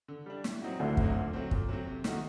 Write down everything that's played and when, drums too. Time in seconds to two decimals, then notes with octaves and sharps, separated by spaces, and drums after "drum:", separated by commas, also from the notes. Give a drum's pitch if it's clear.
0.08 D3
0.26 G3 D4
0.44 A2, drum: snare
0.62 F#3 C4 D#4 F#4
0.79 D2 A2 D3
0.97 F#3 C4 D#4 F#4, drum: kick
1.15 A#2
1.33 F#3 A3 C4
1.51 A#2, drum: kick
1.69 F#3 A3 C4
1.87 C3
2.04 D#3 A3 D#4 F#4, drum: snare